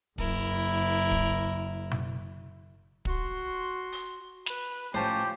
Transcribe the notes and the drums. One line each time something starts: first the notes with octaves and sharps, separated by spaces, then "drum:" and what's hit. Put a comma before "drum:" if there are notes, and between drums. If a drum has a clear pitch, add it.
F#1 E4 A#4, drum: kick
drum: kick
drum: tom B2
F#4 C6, drum: kick
drum: open hi-hat
B4, drum: snare
A2 F3 C#4 G4 C5 A5